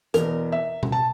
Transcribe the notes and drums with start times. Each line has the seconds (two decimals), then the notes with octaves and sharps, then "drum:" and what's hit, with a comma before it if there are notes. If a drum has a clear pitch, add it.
0.14 E2 B2 A#4, drum: hi-hat
0.52 E5
0.83 drum: tom B2
0.92 A5